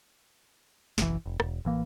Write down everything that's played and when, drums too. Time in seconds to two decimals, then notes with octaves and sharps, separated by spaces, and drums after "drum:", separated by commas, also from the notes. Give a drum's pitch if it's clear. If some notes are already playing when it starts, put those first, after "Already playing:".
0.98 F#1 B1 A#2 E3, drum: snare
1.26 F1
1.40 E1, drum: rim click
1.65 A1 E3 A#3